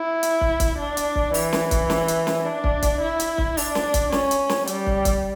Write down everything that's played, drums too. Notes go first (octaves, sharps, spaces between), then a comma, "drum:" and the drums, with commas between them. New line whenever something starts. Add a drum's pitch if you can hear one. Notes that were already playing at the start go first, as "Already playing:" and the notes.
Already playing: E4
drum: hi-hat
drum: kick
drum: kick, hi-hat
D4
drum: hi-hat
drum: kick
E3, drum: open hi-hat
drum: snare
drum: kick, hi-hat
drum: snare
drum: hi-hat
drum: snare
D4
drum: kick
drum: kick, hi-hat
E4
drum: hi-hat
drum: kick
D4, drum: open hi-hat
drum: snare
drum: kick, hi-hat
C#4, drum: snare
drum: hi-hat
drum: snare
G3, drum: hi-hat
drum: kick
drum: kick, hi-hat